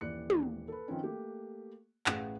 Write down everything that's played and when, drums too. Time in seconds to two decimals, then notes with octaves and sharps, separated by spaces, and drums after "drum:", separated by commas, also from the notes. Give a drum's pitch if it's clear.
0.01 D#1 E3 D5 F#6 C#7
0.30 drum: tom
0.68 A4 B4
0.88 D#3 F3 C4 C#4
1.03 A3 A#3 G4
2.06 A1 G#4 F5 F#5, drum: clap